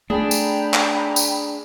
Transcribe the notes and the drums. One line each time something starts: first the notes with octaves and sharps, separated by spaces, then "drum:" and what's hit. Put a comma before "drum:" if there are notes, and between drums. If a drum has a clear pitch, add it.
A3 D4 G#4 G5 A#5 B5
drum: tambourine
drum: clap
drum: tambourine